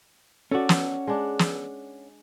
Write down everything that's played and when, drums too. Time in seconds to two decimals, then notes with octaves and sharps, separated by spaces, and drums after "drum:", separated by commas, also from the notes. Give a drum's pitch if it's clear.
0.51 C#4 F#4 A4 D5
0.69 drum: snare
1.07 G#3 D4
1.39 drum: snare